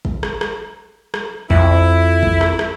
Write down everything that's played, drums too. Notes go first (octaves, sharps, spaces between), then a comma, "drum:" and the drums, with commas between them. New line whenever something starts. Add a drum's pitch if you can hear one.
drum: kick
drum: rim click
drum: rim click
drum: rim click
F2 E4, drum: kick
drum: kick
drum: rim click
drum: rim click